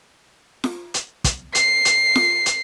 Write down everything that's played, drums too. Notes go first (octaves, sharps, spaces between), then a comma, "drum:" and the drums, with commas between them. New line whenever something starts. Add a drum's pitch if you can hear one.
drum: snare
drum: hi-hat
drum: kick, hi-hat
C7, drum: hi-hat
drum: hi-hat
drum: snare
drum: hi-hat